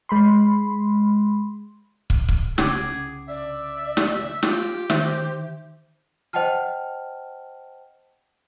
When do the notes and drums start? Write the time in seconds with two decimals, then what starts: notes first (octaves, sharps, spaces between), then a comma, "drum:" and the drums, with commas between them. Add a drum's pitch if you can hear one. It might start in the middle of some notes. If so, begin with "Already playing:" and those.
0.09 G#3 B5 C6
2.10 drum: kick
2.28 drum: kick
2.58 C2 C#3 C#4 G#4 F#5 D6, drum: snare
3.28 D5 E5
3.97 drum: snare
4.43 F4 G4, drum: snare
4.90 D#3 C5 E5, drum: snare
6.33 C5 D#5 F#5 G5 A5 F6